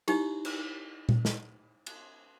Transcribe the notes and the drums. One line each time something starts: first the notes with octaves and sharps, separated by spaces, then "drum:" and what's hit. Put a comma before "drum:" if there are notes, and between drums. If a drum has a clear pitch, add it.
D#4 E4 G4, drum: cymbal
drum: cymbal
drum: tom A#2
drum: snare
drum: cymbal